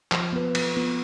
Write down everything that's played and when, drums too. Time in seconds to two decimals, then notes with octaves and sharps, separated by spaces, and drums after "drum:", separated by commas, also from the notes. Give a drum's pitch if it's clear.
0.12 F3, drum: clap
0.33 B3 F4 B4
0.55 F3, drum: cymbal
0.76 B3 F4 B4